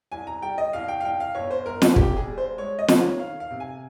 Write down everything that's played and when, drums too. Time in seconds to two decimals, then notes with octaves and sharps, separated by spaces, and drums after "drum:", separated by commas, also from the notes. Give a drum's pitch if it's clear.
0.12 C2 G#5
0.27 A#5
0.42 G3 G5
0.58 D#5
0.73 C2 F5
0.88 G5
1.00 F5
1.05 C2 G5
1.20 F5
1.35 G1 C#5
1.51 C5
1.66 G1 A#4
1.82 G#4, drum: snare
1.96 G1 G4, drum: kick
2.17 G#4
2.27 G3
2.38 C5
2.58 G#3 C#5
2.79 D#5
2.88 D#3, drum: snare
2.99 C#5
3.20 D#3 F5
3.40 F5
3.51 C3
3.60 G#5